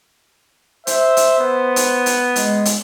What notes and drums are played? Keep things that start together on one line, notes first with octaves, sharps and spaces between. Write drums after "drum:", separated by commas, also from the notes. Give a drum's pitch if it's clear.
C5 E5, drum: hi-hat
drum: hi-hat
B3
drum: hi-hat
drum: hi-hat
G#3, drum: hi-hat
drum: hi-hat